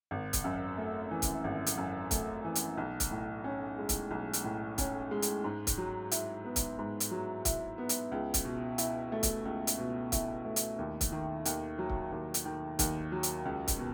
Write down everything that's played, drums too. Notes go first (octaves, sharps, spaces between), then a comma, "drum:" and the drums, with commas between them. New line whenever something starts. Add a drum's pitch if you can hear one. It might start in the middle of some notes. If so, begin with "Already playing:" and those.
G#1
drum: kick C#1, hi-hat
F#2
A3
E3
drum: kick C#1, hi-hat
G#1
drum: hi-hat
F#2
A3, drum: kick C#1, hi-hat
E3
drum: hi-hat
B1
drum: kick C#1, hi-hat
A2
C#4
G#3
drum: kick C#1, hi-hat
B1
drum: hi-hat
A2
C#4, drum: kick C#1, hi-hat
G#3
drum: hi-hat
G#2
drum: kick C#1, hi-hat
F#3
E4, drum: hi-hat
B3
drum: kick C#1, hi-hat
G#2
drum: hi-hat
F#3
E4, drum: kick C#1, hi-hat
B3
drum: hi-hat
C#2
drum: kick C#1, hi-hat
B2
E4, drum: hi-hat
A3
drum: kick C#1, hi-hat
C#2
drum: hi-hat
B2
E4, drum: kick C#1, hi-hat
A3
drum: hi-hat
D#2
drum: kick C#1, hi-hat
D#3
D#2, drum: hi-hat
F#3
drum: kick C#1
D#2
drum: hi-hat
D#3
D#2, drum: kick C#1, hi-hat
F#3
drum: hi-hat
C#2
drum: kick C#1, hi-hat
B2